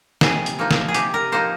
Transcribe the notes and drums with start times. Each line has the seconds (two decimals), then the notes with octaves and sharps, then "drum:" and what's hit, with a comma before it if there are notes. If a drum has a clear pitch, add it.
0.21 C3 G#4, drum: snare
0.46 drum: hi-hat
0.59 F3 A#3 D#4
0.71 drum: snare
0.88 G#4
0.94 C3 G4, drum: hi-hat
1.14 A#4
1.32 F3 A#3 D#4 C5